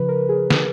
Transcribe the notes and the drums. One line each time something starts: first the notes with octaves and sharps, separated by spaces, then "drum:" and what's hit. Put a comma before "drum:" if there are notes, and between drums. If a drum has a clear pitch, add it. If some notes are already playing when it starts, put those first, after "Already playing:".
Already playing: C#3 F3 B4
A#4
G#4
G#4, drum: snare